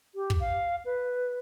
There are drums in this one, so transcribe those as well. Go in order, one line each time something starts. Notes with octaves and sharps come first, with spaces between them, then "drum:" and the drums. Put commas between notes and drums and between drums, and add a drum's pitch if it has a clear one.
G4
drum: kick
F5
B4